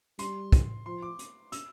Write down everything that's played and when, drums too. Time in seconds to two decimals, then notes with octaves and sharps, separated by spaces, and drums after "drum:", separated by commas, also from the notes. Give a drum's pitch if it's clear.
0.19 G3 C6, drum: hi-hat
0.52 drum: kick, hi-hat
0.86 F3 C6
1.02 D6
1.19 drum: hi-hat
1.52 E6, drum: hi-hat